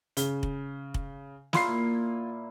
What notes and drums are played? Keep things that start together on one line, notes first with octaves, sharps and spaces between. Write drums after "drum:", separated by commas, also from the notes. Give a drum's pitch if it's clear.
C#3 G7, drum: hi-hat
drum: kick
drum: kick
A#2 A#3 E4 F4 C6 C7, drum: snare